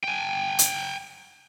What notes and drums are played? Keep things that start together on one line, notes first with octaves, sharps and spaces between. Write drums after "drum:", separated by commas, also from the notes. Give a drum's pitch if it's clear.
G5 G#5
drum: hi-hat